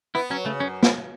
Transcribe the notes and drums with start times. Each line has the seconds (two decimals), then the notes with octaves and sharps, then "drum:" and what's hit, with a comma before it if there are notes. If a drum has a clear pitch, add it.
0.15 B3 E4
0.30 F#3 C#4
0.45 C#3 A3
0.60 F#2 C#4
0.83 E4, drum: snare